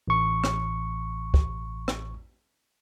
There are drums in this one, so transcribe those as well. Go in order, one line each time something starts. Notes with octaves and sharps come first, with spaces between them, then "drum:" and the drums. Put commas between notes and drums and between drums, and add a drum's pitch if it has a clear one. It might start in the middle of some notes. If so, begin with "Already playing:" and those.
A1 C#6
drum: rim click
drum: kick
drum: rim click